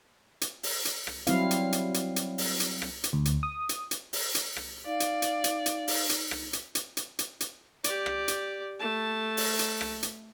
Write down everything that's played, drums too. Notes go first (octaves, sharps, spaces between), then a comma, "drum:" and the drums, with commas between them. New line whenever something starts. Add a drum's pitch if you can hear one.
drum: hi-hat
drum: open hi-hat
drum: hi-hat
drum: rim click
F#3 G3 C4 E4 F5, drum: hi-hat
drum: hi-hat
drum: hi-hat
drum: hi-hat
drum: hi-hat
drum: open hi-hat
drum: hi-hat
drum: rim click
drum: hi-hat
D2
drum: hi-hat
D#6
drum: hi-hat
drum: hi-hat
drum: open hi-hat
drum: hi-hat
drum: rim click
D#4 D5 F5
drum: hi-hat
drum: hi-hat
drum: hi-hat
drum: hi-hat
drum: open hi-hat
drum: hi-hat
drum: rim click
drum: hi-hat
drum: hi-hat
drum: hi-hat
drum: hi-hat
drum: hi-hat
G4 D5, drum: hi-hat
drum: rim click
drum: hi-hat
A3 A5
drum: open hi-hat
drum: hi-hat
drum: rim click
drum: hi-hat